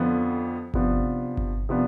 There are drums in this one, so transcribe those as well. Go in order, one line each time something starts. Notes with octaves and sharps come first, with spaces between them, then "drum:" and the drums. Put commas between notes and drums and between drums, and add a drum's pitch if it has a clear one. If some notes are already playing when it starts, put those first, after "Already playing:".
Already playing: F2 D3 F3 B3
C3 F3 B3 D4, drum: kick G1
drum: kick G1
C3 F3 B3 D4